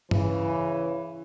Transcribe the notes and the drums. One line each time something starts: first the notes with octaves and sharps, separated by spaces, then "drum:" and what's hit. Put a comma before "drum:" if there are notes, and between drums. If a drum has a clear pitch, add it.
C#3 E3, drum: tom G2